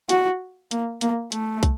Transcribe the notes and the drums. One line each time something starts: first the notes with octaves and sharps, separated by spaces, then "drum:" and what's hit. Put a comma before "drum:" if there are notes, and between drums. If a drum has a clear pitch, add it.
F#4, drum: hi-hat
A#3, drum: hi-hat
A#3, drum: hi-hat
A3, drum: hi-hat
drum: kick, hi-hat